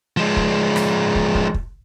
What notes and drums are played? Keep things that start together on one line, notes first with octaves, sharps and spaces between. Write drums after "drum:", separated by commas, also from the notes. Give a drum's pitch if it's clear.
F3 G#3
drum: kick
drum: rim click
drum: kick
drum: kick
drum: kick